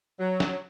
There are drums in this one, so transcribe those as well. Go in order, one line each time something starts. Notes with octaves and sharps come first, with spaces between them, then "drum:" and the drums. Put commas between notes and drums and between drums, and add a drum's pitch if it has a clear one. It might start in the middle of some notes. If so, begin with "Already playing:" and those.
F#3
drum: snare